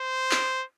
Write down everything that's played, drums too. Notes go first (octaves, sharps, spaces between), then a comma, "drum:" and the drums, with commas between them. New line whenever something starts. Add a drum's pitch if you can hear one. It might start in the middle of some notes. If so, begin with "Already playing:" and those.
Already playing: C5
drum: clap